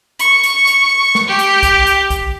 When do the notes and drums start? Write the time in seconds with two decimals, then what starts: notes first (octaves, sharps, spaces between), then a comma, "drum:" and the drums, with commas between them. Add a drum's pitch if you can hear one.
0.19 C#6, drum: hi-hat
0.43 drum: hi-hat
0.67 drum: hi-hat
1.15 drum: snare
1.28 G4
1.39 drum: hi-hat
1.63 drum: kick B1, hi-hat
1.87 drum: hi-hat
2.10 drum: kick B1, hi-hat